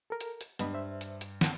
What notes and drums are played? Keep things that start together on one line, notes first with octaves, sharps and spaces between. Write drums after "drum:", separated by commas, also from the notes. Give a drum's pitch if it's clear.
A4 A#4
drum: hi-hat
drum: hi-hat
G2 B3 D#5 B5, drum: hi-hat
C5 E5
drum: hi-hat
drum: hi-hat
F#5 G5 A5, drum: snare